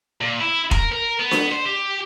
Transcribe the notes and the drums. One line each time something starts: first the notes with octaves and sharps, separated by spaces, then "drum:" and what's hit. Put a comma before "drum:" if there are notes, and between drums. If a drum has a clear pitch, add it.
A#2
E4
A#4, drum: kick F1
A#4
B3
drum: snare D4
C5
G4